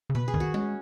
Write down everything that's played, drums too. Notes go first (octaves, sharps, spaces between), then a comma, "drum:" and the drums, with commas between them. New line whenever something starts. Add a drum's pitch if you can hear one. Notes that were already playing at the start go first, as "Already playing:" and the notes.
C#3
B2 B4
G#4
D#3, drum: kick
F#4
G#3 C#4